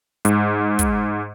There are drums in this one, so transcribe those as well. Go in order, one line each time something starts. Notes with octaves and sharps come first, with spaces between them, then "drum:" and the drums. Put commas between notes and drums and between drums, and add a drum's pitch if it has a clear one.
G#2, drum: hi-hat
drum: kick, hi-hat